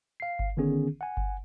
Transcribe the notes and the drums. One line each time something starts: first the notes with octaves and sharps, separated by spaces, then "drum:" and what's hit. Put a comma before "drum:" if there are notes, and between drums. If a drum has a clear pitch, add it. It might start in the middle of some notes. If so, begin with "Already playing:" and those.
F5 C7
drum: kick G1
D3 D#3 B3 C#4 G#4
F#5 G#5
drum: kick G1